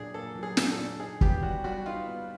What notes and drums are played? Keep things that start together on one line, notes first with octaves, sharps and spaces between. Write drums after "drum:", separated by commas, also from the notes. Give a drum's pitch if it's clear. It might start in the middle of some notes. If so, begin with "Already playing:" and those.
Already playing: A#2 F#3 A#3 D4 G#4
A#3 A4
F#3
G#4
A#2, drum: snare
A4
D4
D#4 G#4
B3 G4, drum: kick
G3 F#4
G3 F#4
D#4 F4
B3